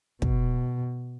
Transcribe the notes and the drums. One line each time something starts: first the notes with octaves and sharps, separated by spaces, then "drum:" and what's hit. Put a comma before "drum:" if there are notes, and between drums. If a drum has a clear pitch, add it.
B2, drum: kick